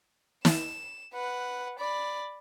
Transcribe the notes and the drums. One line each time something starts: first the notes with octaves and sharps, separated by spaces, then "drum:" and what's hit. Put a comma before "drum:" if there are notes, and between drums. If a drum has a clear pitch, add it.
E7, drum: snare
B4 F#5
D5 B5